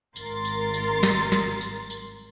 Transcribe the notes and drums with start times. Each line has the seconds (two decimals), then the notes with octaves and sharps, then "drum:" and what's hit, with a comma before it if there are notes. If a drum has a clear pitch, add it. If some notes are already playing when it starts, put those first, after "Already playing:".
0.16 G#1 A#4 C6 A6, drum: tambourine
0.45 drum: tambourine
0.74 drum: tambourine
1.03 drum: snare
1.32 drum: snare
1.61 drum: tambourine
1.90 drum: tambourine